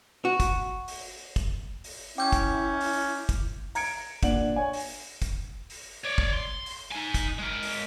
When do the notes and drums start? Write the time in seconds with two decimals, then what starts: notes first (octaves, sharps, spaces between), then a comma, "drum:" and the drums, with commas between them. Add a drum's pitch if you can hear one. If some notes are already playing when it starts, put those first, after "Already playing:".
0.25 F#4
0.40 drum: kick, hi-hat
0.88 drum: open hi-hat
1.36 drum: kick, hi-hat
1.84 drum: open hi-hat
2.18 C#4 E4 G5 D6 G6
2.32 drum: kick, hi-hat
2.81 drum: open hi-hat
3.29 drum: kick, hi-hat
3.75 A#5 G#6 C#7 D7, drum: open hi-hat
4.23 A#2 D4 F#5 F#7, drum: kick, hi-hat
4.56 C#5 G#5
4.73 drum: open hi-hat
5.22 drum: kick, hi-hat
5.70 drum: open hi-hat
6.05 C#5 D5
6.18 drum: kick
6.33 C6
6.66 drum: open hi-hat
6.91 D#4 G#5
7.14 drum: kick, hi-hat
7.38 G#3 A#4
7.63 drum: open hi-hat